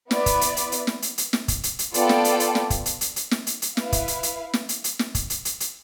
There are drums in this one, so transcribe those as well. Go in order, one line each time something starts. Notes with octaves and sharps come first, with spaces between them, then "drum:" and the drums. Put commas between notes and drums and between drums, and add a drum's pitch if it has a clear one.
B3 E4 B4 D5, drum: snare
drum: kick, hi-hat
drum: hi-hat
drum: hi-hat
drum: hi-hat
drum: snare
drum: hi-hat
drum: hi-hat
drum: snare
drum: kick, hi-hat
drum: hi-hat
drum: hi-hat
B3 F4 A4 D5 G5, drum: hi-hat
drum: snare
drum: hi-hat
drum: hi-hat
drum: snare
drum: kick, hi-hat
drum: hi-hat
drum: hi-hat
drum: hi-hat
drum: snare
drum: hi-hat
drum: hi-hat
E4 B4 F5, drum: snare
drum: kick, hi-hat
drum: hi-hat
drum: hi-hat
drum: snare
drum: hi-hat
drum: hi-hat
drum: snare
drum: kick, hi-hat
drum: hi-hat
drum: hi-hat
drum: hi-hat